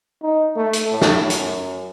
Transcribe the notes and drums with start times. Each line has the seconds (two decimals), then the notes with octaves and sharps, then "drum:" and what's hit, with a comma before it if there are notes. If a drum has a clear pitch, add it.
0.22 D#4
0.56 A3
0.73 drum: hi-hat
0.91 A2
1.01 drum: snare
1.30 F#2, drum: hi-hat